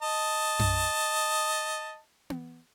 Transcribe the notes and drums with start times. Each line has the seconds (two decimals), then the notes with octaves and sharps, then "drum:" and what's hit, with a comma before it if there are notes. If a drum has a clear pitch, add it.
0.03 D#5 A5
0.59 drum: tom F#2
2.30 drum: tom B3